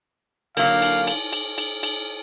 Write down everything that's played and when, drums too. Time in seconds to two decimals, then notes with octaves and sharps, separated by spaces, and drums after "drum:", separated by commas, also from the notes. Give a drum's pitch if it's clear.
0.57 D3 F#3 A#3 F5, drum: cymbal
0.82 drum: cymbal
1.07 drum: cymbal
1.33 drum: cymbal
1.58 drum: cymbal
1.83 drum: cymbal